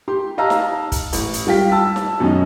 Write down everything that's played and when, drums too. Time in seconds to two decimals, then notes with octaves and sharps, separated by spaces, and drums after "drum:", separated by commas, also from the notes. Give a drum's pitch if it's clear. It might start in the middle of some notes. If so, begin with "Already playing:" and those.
0.08 G4 C6
0.38 G4 D#5 F5 A5 A#5 E6
0.50 drum: snare D#4
0.92 drum: kick, hi-hat
1.13 A1, drum: hi-hat
1.33 drum: hi-hat
1.47 G3 F4 G5 B6
1.72 A5 E6
1.96 drum: snare D#4
2.20 F#2 B2 D#3 C#4 D#4